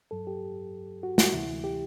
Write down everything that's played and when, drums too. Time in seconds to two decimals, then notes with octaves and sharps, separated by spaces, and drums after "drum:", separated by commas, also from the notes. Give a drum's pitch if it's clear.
0.11 G2 F#3 A4
0.27 G4
1.03 F#4
1.18 F#4, drum: snare
1.33 D2 C3 E3 E4
1.64 G4